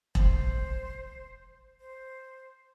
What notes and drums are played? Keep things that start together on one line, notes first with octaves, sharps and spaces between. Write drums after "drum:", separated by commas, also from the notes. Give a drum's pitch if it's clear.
C5, drum: kick E1
C5